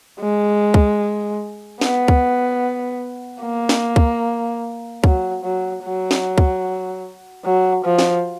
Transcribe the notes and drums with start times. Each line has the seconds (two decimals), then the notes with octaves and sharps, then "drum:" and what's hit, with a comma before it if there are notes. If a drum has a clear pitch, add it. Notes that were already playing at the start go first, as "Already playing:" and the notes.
0.20 G#3
0.74 drum: kick C#2
1.81 B3, drum: snare
2.08 drum: kick C#2
3.42 A#3
3.69 drum: snare
3.96 drum: kick C#2
5.04 F#3, drum: kick C#2
5.44 F#3
5.84 F#3
6.11 drum: snare
6.38 drum: kick C#2
7.45 F#3
7.85 F3
7.99 drum: snare